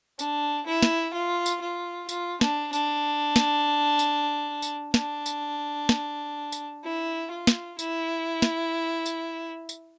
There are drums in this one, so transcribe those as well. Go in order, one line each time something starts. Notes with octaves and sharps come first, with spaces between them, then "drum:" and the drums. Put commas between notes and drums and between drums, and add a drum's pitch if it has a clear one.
D4, drum: tambourine
E4
drum: snare
F4
drum: tambourine
F4
F4, drum: tambourine
D4, drum: snare
D4, drum: tambourine
drum: snare
drum: tambourine
drum: tambourine
D4, drum: snare
drum: tambourine
drum: snare
drum: tambourine
E4
F4
drum: snare
E4, drum: tambourine
drum: snare
drum: tambourine
drum: tambourine